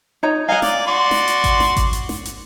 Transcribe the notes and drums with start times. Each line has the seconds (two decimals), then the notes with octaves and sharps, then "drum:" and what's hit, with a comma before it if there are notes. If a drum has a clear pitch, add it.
0.23 D#4 C#5 A#5
0.48 D#5 F5 F#5 G#5 A#5
0.62 D5, drum: snare
0.87 F#4 D5 C6
1.11 drum: snare
1.28 drum: hi-hat
1.44 drum: kick G#1, hi-hat
1.60 drum: snare
1.76 drum: kick G#1, hi-hat
1.93 drum: hi-hat
2.09 drum: snare
2.25 drum: hi-hat